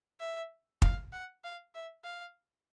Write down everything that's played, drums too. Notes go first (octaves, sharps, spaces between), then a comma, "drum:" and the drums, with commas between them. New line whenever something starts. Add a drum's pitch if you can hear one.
E5
F5, drum: kick
F#5
F5
E5
F5